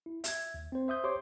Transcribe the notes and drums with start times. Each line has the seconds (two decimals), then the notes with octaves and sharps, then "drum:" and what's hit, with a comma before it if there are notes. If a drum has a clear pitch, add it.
0.06 E4
0.24 E5 G#6, drum: hi-hat
0.54 D#2
0.72 C4 C5
0.88 C5 E5 D#6 G6
1.04 G4 C5 C#5 C6 D6